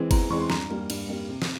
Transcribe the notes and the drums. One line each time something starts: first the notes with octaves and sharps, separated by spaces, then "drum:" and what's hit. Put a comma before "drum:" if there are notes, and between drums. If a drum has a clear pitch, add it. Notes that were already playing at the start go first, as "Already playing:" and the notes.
Already playing: E3 G#3 C4
E2 A#5, drum: kick G1, cymbal
E3 G#3 C4 C#6
C6
G2 A#5, drum: snare
G3 A#3
G2, drum: cymbal
G3 A#3
C3
drum: snare